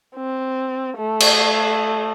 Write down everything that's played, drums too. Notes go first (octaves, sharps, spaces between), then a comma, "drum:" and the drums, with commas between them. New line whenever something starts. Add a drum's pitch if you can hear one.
C4
A3
drum: cymbal